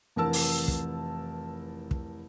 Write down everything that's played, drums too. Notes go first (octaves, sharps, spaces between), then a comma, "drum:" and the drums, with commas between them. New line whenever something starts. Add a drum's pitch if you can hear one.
F1 E3 A#4 A5 E6
drum: open hi-hat
drum: kick
drum: kick